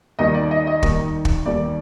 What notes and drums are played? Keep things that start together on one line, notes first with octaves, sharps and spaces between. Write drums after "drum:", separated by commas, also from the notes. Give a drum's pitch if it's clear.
D#2 D#3 G3 D#5
D5
D#5
D#5
D#2 D#3 G3, drum: kick
drum: kick
D#2 D#3 G3 D5